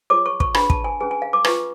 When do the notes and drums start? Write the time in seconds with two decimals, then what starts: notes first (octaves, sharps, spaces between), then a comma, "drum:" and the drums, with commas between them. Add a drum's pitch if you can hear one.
0.10 F4 G#4 C#5 D6
0.26 C#6
0.40 C#6, drum: kick
0.54 D4 G#4 B4 B5, drum: rim click
0.70 A5, drum: kick
0.84 G#5
1.00 C#4 G#4 B4 G#5
1.11 G#5
1.22 F5
1.33 D6
1.44 F4 B4 C#6, drum: rim click